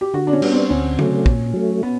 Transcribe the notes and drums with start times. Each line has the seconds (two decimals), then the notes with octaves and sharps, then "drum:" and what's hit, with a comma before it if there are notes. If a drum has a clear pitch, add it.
0.01 G4
0.14 D3 F#4
0.27 D4
0.33 C#4
0.42 G3 B3 D4, drum: cymbal
0.52 C4
0.70 D2 C#4
0.99 C#3 F#3 A3, drum: tom D3
1.26 A#2, drum: kick
1.54 F#3 A3
1.83 B3